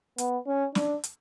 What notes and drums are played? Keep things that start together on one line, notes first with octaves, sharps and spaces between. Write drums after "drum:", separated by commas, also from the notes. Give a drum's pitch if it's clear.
B3, drum: hi-hat
C#4
D4, drum: snare
drum: hi-hat